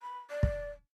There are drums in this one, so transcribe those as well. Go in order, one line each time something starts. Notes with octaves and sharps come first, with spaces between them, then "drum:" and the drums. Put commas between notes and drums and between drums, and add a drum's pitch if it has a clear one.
B5
D5
drum: kick